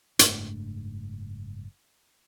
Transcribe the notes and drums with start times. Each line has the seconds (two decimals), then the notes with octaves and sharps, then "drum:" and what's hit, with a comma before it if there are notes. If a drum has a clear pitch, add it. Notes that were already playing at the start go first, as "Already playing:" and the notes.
0.19 F#1 G#2 A3 D4, drum: hi-hat